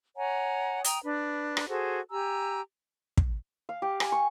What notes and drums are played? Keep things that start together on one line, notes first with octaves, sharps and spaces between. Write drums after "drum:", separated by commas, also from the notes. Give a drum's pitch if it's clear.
C#5 F#5 G#5 A#5
G5 A#5 D#6, drum: hi-hat
D4 B4
drum: rim click
F#4 G#4 A4 C5
G4 G#5 A#5 E6
drum: kick
F5
G4
G#5, drum: rim click
C#6